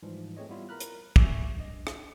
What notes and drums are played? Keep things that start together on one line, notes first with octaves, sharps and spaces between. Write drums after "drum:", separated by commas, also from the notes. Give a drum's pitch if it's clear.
G#2 E3 F3 G3
A3 C4 G#4 C#5 D#5
G3 B3 E4 F4
A#4 A#5 B5 F6 F#6
drum: hi-hat
E5 G#5 C#6 D6 E6, drum: kick
G2 D#5
drum: rim click